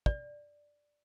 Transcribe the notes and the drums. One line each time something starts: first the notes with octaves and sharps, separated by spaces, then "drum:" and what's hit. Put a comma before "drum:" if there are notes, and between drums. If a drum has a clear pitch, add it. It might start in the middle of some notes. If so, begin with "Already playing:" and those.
D5, drum: kick